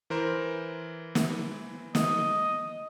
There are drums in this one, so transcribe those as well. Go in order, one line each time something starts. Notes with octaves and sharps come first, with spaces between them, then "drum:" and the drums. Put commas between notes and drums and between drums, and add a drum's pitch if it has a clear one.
E3 A#4 C5
drum: snare
D#5, drum: snare